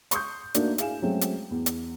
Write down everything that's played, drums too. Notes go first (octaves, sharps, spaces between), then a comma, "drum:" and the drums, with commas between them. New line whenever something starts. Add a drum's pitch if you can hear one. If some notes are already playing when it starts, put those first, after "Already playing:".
C6 C#6 D#6 G6, drum: hi-hat
A3 A#3 D4 D#4 F#4 A#4, drum: hi-hat
E4 G#4 F5 G#5 E7, drum: hi-hat
F#3 G#3 A3 C4 C#4 F#4
drum: hi-hat
E2
drum: hi-hat